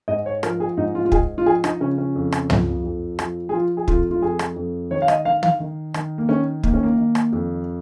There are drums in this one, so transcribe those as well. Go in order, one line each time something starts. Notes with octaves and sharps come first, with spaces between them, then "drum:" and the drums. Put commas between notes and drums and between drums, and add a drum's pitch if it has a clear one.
G#2 D#5
C#5
F3 A#4, drum: rim click
G#4
G#2 D#4
F4
F4
G#2 G#4, drum: kick
F4
F3 G#4
D#4, drum: rim click
C#3 C#4
C#4
F2
drum: rim click
F3, drum: tom
F2
F3, drum: rim click
G#4
F3 F4
G#4
F2 F4, drum: kick
F4
F2 G#4
drum: rim click
F2
D#3 C#5
F5
D#5, drum: rim click
D#3 F5
F5, drum: tom
D#3
D#3, drum: rim click
A#3
D#3 C#4
D#3 A#3, drum: kick
C#4
A#3
D#3
drum: rim click
F2